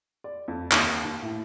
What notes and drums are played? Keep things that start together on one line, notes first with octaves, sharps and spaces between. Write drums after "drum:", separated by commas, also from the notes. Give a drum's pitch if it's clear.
D5
F2
D#2, drum: clap
D#2
A2